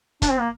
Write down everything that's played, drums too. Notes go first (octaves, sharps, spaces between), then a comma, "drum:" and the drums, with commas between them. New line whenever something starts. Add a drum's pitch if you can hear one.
D4, drum: kick, hi-hat
C4
A#3